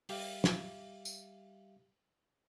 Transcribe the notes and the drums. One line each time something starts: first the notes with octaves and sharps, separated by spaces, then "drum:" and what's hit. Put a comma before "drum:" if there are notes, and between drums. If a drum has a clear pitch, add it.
G3 G4 E5 F5, drum: open hi-hat
drum: snare
drum: tambourine